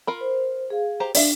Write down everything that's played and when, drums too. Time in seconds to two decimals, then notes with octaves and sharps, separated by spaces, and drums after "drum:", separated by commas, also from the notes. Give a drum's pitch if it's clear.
0.07 F4 A#4 B5
0.21 C5
0.70 G#4 F5
1.00 G4 C5 A#5
1.15 D4 D5 E5 F5, drum: open hi-hat